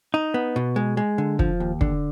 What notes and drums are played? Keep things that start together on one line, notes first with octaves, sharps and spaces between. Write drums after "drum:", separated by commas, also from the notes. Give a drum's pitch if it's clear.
D#4
B3
B2
G#3
G#3
D3
F3, drum: kick
D#2
D3, drum: kick